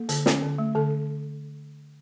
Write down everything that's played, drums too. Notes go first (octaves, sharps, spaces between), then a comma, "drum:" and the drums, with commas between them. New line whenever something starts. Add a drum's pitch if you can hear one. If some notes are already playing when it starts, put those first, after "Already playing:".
Already playing: A#3 A4
D3, drum: hi-hat
C#4, drum: snare
D3
A3
D3 A4